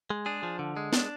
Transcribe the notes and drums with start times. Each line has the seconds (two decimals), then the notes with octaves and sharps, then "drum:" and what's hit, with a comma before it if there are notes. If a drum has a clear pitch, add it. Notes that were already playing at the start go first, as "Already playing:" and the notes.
0.10 G#3
0.26 D4 G#4
0.43 F3
0.59 D3
0.77 G#3
0.93 D4, drum: snare